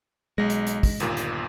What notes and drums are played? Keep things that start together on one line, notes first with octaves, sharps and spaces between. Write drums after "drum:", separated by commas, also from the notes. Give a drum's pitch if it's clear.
B1 G#3 A#6
drum: hi-hat
drum: hi-hat
drum: kick, open hi-hat
G1 D#2 A#2, drum: hi-hat
drum: hi-hat